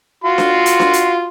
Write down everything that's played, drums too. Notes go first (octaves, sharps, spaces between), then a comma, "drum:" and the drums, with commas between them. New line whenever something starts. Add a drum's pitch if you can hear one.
F4 F#4 C6
drum: snare D4
drum: hi-hat
drum: snare D4
drum: hi-hat